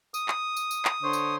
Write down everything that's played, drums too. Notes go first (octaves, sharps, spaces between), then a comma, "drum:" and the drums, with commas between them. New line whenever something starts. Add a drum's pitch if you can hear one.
D#6, drum: tambourine
drum: clap
drum: tambourine
drum: tambourine
drum: clap
D3 C5 C#5
drum: tambourine